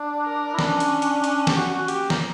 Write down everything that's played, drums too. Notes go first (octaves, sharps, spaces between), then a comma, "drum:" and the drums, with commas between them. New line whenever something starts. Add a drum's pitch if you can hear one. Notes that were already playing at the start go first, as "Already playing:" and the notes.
Already playing: D4
A#4
E4
C#4 D4, drum: snare
drum: hi-hat
drum: hi-hat
D4, drum: hi-hat
G4, drum: snare
F#4
F#4
A#3 G4, drum: hi-hat
A#4, drum: snare